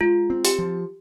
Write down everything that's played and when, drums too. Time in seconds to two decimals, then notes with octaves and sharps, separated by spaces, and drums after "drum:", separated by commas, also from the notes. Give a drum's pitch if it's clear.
0.01 G#3 F4
0.30 C4
0.45 G4, drum: hi-hat
0.59 F3